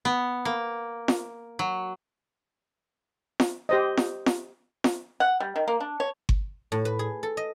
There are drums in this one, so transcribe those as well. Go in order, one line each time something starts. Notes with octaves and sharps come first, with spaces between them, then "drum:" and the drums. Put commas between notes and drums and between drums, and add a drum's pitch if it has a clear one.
B3
A#3
drum: snare F4
F#3
drum: snare F4
G4 C5 D#5
drum: snare F4
drum: snare F4
drum: snare F4
F#5
G3
D#3
A#3
D4
C#5
drum: kick G1
A2
B4
G#4
A4
D#5